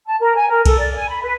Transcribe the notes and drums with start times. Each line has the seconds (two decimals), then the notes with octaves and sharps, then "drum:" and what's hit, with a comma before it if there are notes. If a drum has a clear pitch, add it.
0.06 A5
0.20 A#4
0.36 G#5
0.49 A#4
0.65 A4, drum: kick B1, cymbal
0.78 D5
0.95 G#5
1.08 B5
1.23 B4